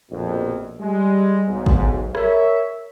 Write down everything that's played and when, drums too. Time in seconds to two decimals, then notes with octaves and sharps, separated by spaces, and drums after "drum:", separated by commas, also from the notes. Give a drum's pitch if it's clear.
0.11 A#1 F2 B2
0.80 G3 G#3
1.47 B1 G#2
1.66 drum: kick G#1
2.15 A#4 C#5 E5, drum: rim click